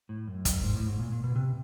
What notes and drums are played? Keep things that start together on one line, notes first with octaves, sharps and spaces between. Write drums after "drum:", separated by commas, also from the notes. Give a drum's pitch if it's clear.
A2
F#2
drum: kick, hi-hat
G#2
A2
G#2
A#2
A#2
B2
C3